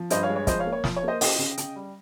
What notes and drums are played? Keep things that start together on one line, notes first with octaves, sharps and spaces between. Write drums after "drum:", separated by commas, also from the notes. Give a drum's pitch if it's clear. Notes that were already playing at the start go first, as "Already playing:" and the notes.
Already playing: F3
G2 C5 D#5, drum: hi-hat
C#5 F5
G#3
C#5
F3 C5 D#5, drum: kick, hi-hat
C#5 F5
A#3
C#5
F3, drum: snare
C#5
A#3 C5 D#5
C#3 D#5 G5, drum: open hi-hat
C#3
C#3, drum: hi-hat
G3